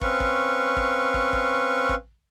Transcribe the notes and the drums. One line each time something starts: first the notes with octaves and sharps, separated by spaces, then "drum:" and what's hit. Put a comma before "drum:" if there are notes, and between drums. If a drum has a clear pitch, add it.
C4 C#4 B4 F5 C#6, drum: kick
drum: kick
drum: kick
drum: kick
drum: kick
drum: kick